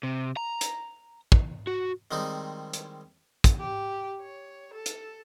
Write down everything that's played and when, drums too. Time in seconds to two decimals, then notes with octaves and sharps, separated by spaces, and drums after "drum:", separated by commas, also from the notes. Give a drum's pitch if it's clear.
0.03 C3
0.37 A#5
0.61 drum: hi-hat
1.32 drum: kick
1.67 F#4
2.11 D#3 G3 G#3 C4 D#4
2.73 drum: hi-hat
3.44 drum: kick, hi-hat
3.59 G4
4.22 C#5
4.74 A4
4.86 drum: hi-hat